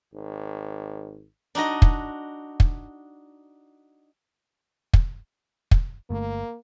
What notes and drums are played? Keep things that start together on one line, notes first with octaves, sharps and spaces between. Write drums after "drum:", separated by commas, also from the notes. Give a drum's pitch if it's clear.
G#1
D4 D#4 F#4 D#5
drum: kick
drum: kick
drum: kick
drum: kick
G1 A3 A#3